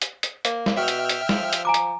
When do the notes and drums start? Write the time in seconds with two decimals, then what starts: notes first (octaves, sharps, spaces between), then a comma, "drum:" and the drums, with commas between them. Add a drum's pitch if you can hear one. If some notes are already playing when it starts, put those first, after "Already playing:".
0.02 drum: hi-hat
0.23 drum: hi-hat
0.45 A#3, drum: hi-hat
0.66 drum: snare
0.77 B2 E5 G5 F6
0.88 drum: hi-hat
1.09 drum: hi-hat
1.29 F3, drum: snare
1.53 drum: hi-hat
1.65 G#5 A#5 D6
1.74 drum: hi-hat